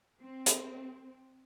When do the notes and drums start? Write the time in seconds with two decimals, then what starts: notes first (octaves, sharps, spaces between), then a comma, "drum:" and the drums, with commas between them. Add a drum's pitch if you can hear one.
0.21 C4
0.46 drum: hi-hat